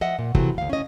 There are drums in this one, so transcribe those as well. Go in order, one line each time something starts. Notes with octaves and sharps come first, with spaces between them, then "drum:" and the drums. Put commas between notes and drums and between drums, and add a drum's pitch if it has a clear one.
F3 D#5 E5 F#5
A#2
C3 E3 F#3 A3, drum: kick F#1
D2 F5
C#4 D#5